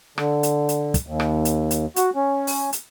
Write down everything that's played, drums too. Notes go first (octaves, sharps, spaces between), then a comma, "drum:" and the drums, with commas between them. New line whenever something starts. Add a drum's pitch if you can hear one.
D3, drum: rim click
drum: hi-hat
drum: hi-hat
drum: kick, hi-hat
D#2
drum: rim click
drum: hi-hat
drum: hi-hat
F#4, drum: hi-hat
C#4
drum: open hi-hat
drum: hi-hat